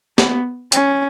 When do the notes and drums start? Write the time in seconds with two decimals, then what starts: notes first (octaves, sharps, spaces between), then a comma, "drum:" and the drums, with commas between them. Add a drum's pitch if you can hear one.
0.18 B3, drum: snare
0.72 C#4, drum: hi-hat